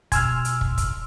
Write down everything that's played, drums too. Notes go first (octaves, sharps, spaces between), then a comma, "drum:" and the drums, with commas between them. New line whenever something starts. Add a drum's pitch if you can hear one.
B2 G#5 C6 E6 F6, drum: kick, hi-hat
drum: hi-hat
drum: kick
drum: kick, hi-hat